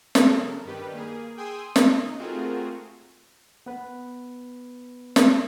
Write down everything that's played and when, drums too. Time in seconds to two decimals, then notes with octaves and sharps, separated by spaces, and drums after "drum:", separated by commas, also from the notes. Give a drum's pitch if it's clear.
0.15 C#3 F#3 A4 A#4, drum: snare
0.65 G2 D#3 G3 G4 B4
0.94 A#3 G#4
1.37 G#4 G5 G#5 C6 D#6 E6
1.76 D#4, drum: snare
2.19 A3 C4 F4 F#4 G#4 A#4
3.66 B3 B4
5.16 drum: snare